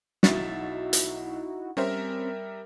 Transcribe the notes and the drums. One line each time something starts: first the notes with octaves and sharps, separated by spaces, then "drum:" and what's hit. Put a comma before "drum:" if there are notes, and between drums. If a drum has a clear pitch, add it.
B1 D#4 E4 F#4 E5 A6, drum: snare
drum: hi-hat
G3 C4 C#4 A#4 E5